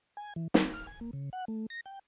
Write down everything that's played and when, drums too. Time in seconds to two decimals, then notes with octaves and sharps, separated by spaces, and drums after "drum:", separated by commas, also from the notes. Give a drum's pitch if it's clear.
0.17 G#5
0.36 E3
0.54 C4, drum: snare
0.73 F6
0.87 G#5
1.01 A#3
1.13 C#3
1.33 F#5
1.48 A3
1.70 A#6
1.86 G5